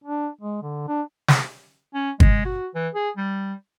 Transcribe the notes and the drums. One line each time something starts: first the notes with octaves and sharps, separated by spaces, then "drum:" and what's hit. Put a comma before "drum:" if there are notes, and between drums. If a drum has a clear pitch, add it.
D4
G#3
D3
D4
drum: snare
C#4
G#3, drum: kick
F#4
E3
G#4
G3